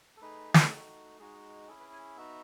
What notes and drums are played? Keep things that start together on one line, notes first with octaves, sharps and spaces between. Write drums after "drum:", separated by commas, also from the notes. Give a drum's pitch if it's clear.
A4
A3 D#4 G#4 B4
drum: snare
A3 D#4 F#4
G#3 D#4 F#4 G#4
C#4 E4 G#4 A4
B4
G#5
B3 D#4 F#4 E5